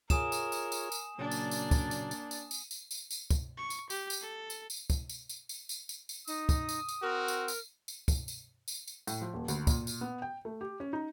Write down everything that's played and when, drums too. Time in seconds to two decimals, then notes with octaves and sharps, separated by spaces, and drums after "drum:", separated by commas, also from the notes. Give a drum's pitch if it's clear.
0.10 F4 G#4 A#4 C#5 G#5 D#6 E7, drum: kick, tambourine
0.32 drum: tambourine
0.52 drum: tambourine
0.72 drum: tambourine
0.92 drum: tambourine
1.18 A#2 C#3 F#3 A#3 D4 D5
1.32 drum: tambourine
1.51 drum: tambourine
1.71 drum: kick, tambourine
1.91 drum: tambourine
2.11 drum: tambourine
2.31 drum: tambourine
2.51 drum: tambourine
2.71 drum: tambourine
2.91 drum: tambourine
3.11 drum: tambourine
3.30 drum: kick, tambourine
3.57 C#6
3.70 drum: tambourine
3.90 G4, drum: tambourine
4.10 drum: tambourine
4.21 A4
4.50 drum: tambourine
4.70 drum: tambourine
4.90 drum: kick, tambourine
5.10 drum: tambourine
5.29 drum: tambourine
5.49 drum: tambourine
5.69 drum: tambourine
5.89 drum: tambourine
6.09 drum: tambourine
6.27 D#4 D#6, drum: tambourine
6.49 drum: kick, tambourine
6.69 drum: tambourine
6.89 drum: tambourine
7.02 C4 F#4 A#4
7.28 drum: tambourine
7.48 drum: tambourine
7.88 drum: tambourine
8.08 drum: kick, tambourine
8.28 drum: tambourine
8.68 drum: tambourine
8.88 drum: tambourine
9.07 A2, drum: tambourine
9.21 F3
9.34 D#1
9.48 D2, drum: tambourine
9.67 A#2, drum: kick, tambourine
9.87 drum: tambourine
10.01 B3
10.22 G5
10.45 A3
10.61 G4
10.80 C#4
10.93 D#4